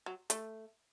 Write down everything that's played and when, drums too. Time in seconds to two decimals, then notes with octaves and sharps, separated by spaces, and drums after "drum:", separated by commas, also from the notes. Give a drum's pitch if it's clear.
0.06 F#3
0.30 A3, drum: hi-hat